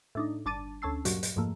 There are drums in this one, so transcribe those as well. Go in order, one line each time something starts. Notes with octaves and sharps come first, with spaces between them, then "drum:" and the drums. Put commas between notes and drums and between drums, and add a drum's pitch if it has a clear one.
A2 D4 D#4
G1 D4 A5 D6 A6 D#7
D2 C#4 A5 E6 C7
G2 A#2 F#3 F#4, drum: hi-hat
drum: hi-hat
F2 G#2 F3 A3 A#3